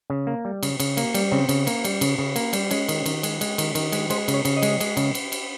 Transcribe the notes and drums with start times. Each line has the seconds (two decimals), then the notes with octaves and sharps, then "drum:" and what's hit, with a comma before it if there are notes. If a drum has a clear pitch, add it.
0.10 C#3
0.27 A#3
0.45 G3
0.63 C#3, drum: cymbal
0.80 C#3, drum: cymbal
0.97 A#3, drum: cymbal
1.14 G3, drum: cymbal
1.31 C#3 C4
1.49 C#3, drum: cymbal
1.67 A#3, drum: cymbal
1.84 G3, drum: cymbal
2.01 C#3, drum: cymbal
2.18 C#3
2.36 A#3, drum: cymbal
2.53 G3, drum: cymbal
2.71 G#3 C#4, drum: cymbal
2.89 D#3, drum: cymbal
3.06 D#3, drum: cymbal
3.23 G#3, drum: cymbal
3.41 G#3, drum: cymbal
3.58 D#3, drum: cymbal
3.75 D#3, drum: cymbal
3.92 G#3, drum: cymbal
4.10 G#3 C5, drum: cymbal
4.28 C#3, drum: cymbal
4.34 C#5
4.45 C#3, drum: cymbal
4.57 D#5
4.62 G#3, drum: cymbal
4.80 G#3, drum: cymbal
4.97 C#3, drum: cymbal
5.15 drum: cymbal
5.32 drum: cymbal